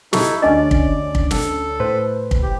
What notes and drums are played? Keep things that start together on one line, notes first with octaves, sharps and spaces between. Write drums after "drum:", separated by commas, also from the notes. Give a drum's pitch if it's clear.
D#4 E4 G4 A4, drum: snare
D2 C#4 D4 D5 D#5 G#5
drum: kick
drum: kick
A4, drum: snare
A2 B4 C5
drum: kick
G4